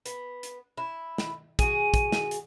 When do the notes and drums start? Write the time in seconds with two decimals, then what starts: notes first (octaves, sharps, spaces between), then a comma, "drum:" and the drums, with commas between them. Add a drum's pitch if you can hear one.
0.06 B3, drum: hi-hat
0.43 drum: hi-hat
0.77 E4
1.18 drum: snare
1.59 F#4 G#4 D#7, drum: kick, hi-hat
1.94 drum: kick, hi-hat
2.12 drum: snare
2.31 drum: hi-hat